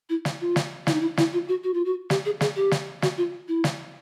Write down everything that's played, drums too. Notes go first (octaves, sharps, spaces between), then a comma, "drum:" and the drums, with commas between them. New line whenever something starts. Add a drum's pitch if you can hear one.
E4
drum: snare
F4
drum: snare
E4, drum: snare
D#4
E4
E4, drum: snare
F4
F#4
F#4
F4
F#4
G4, drum: snare
G#4
G#4, drum: snare
G4
drum: snare
F#4, drum: snare
F4
E4
drum: snare